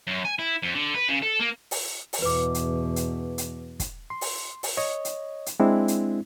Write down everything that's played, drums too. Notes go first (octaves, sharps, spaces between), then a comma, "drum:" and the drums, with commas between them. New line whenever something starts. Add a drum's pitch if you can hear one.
F#2
G#5
E4
F2
D3
B4
C#3
A4
A#3
drum: open hi-hat
drum: open hi-hat
E2 B2 B4 D6
drum: hi-hat
drum: hi-hat
drum: hi-hat
drum: kick, hi-hat
C6
drum: open hi-hat
drum: open hi-hat
C#5 D#5
drum: hi-hat
drum: hi-hat
G#3 C4 D4 E4
drum: hi-hat